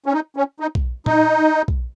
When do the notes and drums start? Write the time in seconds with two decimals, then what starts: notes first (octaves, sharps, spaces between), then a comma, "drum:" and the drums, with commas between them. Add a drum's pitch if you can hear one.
0.06 C#4
0.13 D#4
0.36 C#4
0.60 D#4
0.75 drum: kick
1.06 D#4, drum: tom A#2
1.68 drum: kick